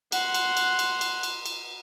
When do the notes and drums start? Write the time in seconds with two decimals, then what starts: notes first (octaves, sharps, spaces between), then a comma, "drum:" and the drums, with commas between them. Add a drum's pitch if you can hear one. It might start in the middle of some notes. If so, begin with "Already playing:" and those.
0.12 F#5 C6, drum: cymbal
0.34 drum: cymbal
0.57 drum: cymbal
0.79 drum: cymbal
1.01 drum: cymbal
1.23 drum: cymbal
1.46 drum: cymbal